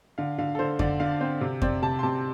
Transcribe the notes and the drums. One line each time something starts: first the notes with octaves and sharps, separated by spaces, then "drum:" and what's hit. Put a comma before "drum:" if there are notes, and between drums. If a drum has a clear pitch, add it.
D3 F5
D3 F5
A4
D3 C5
D3 D5, drum: kick F2
D3 F5
C4 C5
C3
C4 D5, drum: kick F2
C3 A5
C6
C3 A5